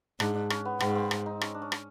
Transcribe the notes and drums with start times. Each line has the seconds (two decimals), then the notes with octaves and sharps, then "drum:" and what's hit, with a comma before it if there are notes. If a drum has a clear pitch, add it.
0.20 G#2 D4, drum: rim click
0.35 D4
0.50 C#4, drum: rim click
0.65 B3
0.80 G#2 B3, drum: rim click
0.96 C4
1.11 drum: rim click
1.26 D#4
1.41 C#4, drum: rim click
1.54 D4
1.62 C#4
1.72 drum: rim click